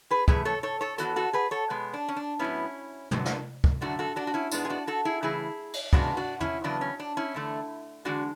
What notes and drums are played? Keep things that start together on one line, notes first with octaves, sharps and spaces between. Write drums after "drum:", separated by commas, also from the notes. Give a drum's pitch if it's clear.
G#4 B4
F#2 E3 A3 G#4 B4, drum: kick
A4 C#5
A4 C#5
A4 C#5
E2 C#3 E3 B3 F#4 A4, drum: hi-hat
F#4 A4
G#4 B4
A4 C#5
B2 G#3 B3
D4
C#4
D4
A2 F#3 B3 C#4 E4
F#2 D3 F#3 B3, drum: tom
drum: snare
drum: kick
F#2 D3 A3 D4 F#4
F#4 A4
D4 F#4
F#4
C#4 E4
G#2 G#3 B3 D4, drum: tambourine
G#4
D4 F#4
F#4 A4
E4 G#4
C#3 E3 A3 E4 G#4
drum: cymbal
E2 C#3 G#3 B3 D4 F#4, drum: kick
D4 F#4
C#4 E4, drum: tom
E2 C#3 F#3 B3 D4
C#4
D4
C#4 E4
E2 D3 A3
E2 D3 G#3 D4 F#4